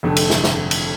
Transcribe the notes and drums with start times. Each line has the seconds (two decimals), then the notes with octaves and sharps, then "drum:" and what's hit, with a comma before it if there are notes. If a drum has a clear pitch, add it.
0.03 F1 F2 D3 A3
0.16 drum: cymbal
0.30 drum: snare
0.44 drum: snare
0.71 drum: cymbal